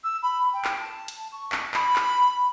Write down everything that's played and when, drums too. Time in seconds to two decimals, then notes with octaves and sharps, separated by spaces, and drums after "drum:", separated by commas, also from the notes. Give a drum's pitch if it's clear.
0.03 E6
0.22 B5
0.53 G5
0.65 drum: clap
0.79 A5
1.08 drum: hi-hat
1.32 C#6
1.52 drum: clap
1.74 B5, drum: clap
1.96 drum: clap